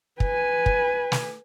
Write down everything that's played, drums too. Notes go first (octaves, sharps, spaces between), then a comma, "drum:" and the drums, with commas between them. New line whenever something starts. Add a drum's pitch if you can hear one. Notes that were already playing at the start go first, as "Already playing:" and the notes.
B4 G#5, drum: kick
drum: kick
drum: snare